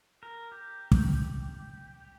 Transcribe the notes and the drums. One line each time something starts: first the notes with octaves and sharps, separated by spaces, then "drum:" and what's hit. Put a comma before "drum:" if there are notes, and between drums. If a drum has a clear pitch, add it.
A#4
G4
drum: kick